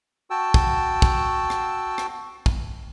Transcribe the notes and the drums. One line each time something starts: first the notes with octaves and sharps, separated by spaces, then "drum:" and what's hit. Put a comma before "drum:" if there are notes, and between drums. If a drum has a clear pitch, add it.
F#4 G5 A5 E6
drum: kick
drum: kick
drum: rim click
drum: rim click
drum: kick